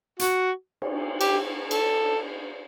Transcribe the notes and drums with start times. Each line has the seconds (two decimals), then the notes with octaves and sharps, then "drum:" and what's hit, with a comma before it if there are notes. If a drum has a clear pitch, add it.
0.19 F#4, drum: hi-hat
0.82 drum: cymbal
1.21 G4, drum: cymbal
1.71 A4, drum: cymbal